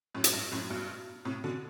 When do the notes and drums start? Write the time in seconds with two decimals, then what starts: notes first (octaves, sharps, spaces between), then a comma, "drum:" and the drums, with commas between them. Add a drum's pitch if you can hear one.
0.15 F#2 A2
0.24 drum: hi-hat
0.33 G2
0.52 F#2 A2
0.70 G2 B2
1.25 A2 C3
1.44 B2 D3